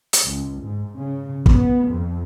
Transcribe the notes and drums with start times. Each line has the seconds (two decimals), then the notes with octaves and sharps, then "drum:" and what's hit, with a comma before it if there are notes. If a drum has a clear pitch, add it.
0.13 drum: hi-hat
0.24 C#2
0.62 G#2
0.95 C#3
1.46 B3, drum: kick
1.86 F2